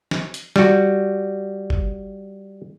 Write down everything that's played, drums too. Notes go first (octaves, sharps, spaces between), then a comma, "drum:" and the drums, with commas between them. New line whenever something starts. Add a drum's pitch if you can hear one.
drum: snare
drum: hi-hat
G3 F#4, drum: snare
drum: kick G1